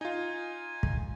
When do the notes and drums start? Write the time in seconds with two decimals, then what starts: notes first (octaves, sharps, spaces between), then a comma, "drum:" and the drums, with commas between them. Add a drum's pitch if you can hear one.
0.01 D#4 F4 G#5
0.83 drum: kick